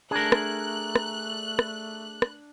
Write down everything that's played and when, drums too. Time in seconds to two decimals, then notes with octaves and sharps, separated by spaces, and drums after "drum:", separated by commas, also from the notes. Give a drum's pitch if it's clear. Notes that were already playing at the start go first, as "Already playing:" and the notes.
0.11 A3 D4 G#4 A#4 A#5 F#6
0.32 drum: rim click
0.95 drum: rim click
1.59 drum: rim click
2.22 drum: rim click